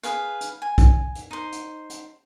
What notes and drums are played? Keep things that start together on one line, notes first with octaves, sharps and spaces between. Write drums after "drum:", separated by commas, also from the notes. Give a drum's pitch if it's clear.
G#4 B4 F5, drum: hi-hat
drum: hi-hat
G#5
drum: kick B1, hi-hat
drum: hi-hat
D#4 C5
drum: hi-hat
drum: hi-hat